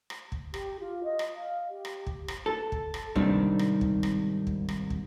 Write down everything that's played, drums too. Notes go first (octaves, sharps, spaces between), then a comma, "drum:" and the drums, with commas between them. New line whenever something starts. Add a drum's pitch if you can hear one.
drum: rim click
drum: kick
G4, drum: rim click
F4
D#5
drum: rim click
F5
G4
drum: rim click
drum: kick
drum: rim click
A4
drum: kick
drum: rim click
G#2 C3 D#3 G3 C4 D4, drum: kick
drum: rim click
drum: kick
drum: rim click
drum: kick
drum: rim click
drum: kick